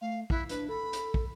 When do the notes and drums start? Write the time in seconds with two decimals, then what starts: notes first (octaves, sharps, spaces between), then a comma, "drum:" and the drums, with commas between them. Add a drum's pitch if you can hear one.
0.01 A3 F5
0.30 E4 F#6, drum: kick
0.49 D4 B4, drum: hi-hat
0.69 A4 B5
0.93 drum: hi-hat
1.14 drum: kick